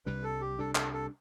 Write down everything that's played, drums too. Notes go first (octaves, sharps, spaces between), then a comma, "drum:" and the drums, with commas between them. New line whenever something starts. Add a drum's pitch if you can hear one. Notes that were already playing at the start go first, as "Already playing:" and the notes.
C2 C3 G3 D4 B4
A4
G4
C2 C3 G3 D4 A4
A4, drum: clap
A4